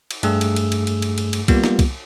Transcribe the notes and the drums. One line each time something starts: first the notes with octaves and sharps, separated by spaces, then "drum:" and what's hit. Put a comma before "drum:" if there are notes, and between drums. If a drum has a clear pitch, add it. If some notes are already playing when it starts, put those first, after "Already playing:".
drum: cymbal
G2 A3 G#4 E6, drum: cymbal
drum: cymbal
drum: cymbal
drum: cymbal
drum: cymbal
drum: cymbal
drum: cymbal
drum: cymbal
G3 A#3 B3 F4 G4, drum: kick C2, cymbal
drum: snare
drum: kick C2, cymbal